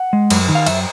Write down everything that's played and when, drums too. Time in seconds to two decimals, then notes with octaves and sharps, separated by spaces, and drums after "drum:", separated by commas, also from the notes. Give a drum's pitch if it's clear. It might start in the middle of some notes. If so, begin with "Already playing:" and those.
Already playing: F#5
0.13 G#3
0.30 F#2, drum: cymbal
0.48 D#3
0.55 F5
0.66 F#2 E5, drum: cymbal